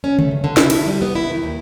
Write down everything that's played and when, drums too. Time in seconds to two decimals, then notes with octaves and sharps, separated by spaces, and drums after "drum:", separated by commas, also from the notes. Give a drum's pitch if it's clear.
0.04 C#4
0.19 A3, drum: tom C#3
0.31 G2
0.44 D3
0.57 E4, drum: snare
0.70 E4, drum: cymbal
0.86 G3
1.02 B3
1.15 E4
1.31 D#3
1.43 D#2